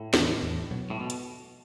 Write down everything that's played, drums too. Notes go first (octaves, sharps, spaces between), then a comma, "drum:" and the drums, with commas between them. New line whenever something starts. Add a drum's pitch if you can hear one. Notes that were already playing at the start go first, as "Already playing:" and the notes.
Already playing: A2
E2 D#3, drum: snare
E2
B2 F#3
A2
B2
drum: hi-hat